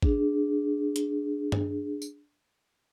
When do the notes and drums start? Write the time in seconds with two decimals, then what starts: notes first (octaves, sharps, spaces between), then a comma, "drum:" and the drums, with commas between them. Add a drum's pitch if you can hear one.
0.03 D4 G#4, drum: kick G#1
0.96 drum: hi-hat
1.52 drum: tom G2
2.02 drum: tambourine